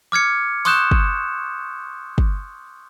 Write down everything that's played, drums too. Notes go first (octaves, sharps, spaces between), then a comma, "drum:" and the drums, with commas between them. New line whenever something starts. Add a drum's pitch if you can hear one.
D6 F6 G#6 C#7
C6 C#6 D#6 F#6 G6 E7, drum: open hi-hat
drum: kick
drum: kick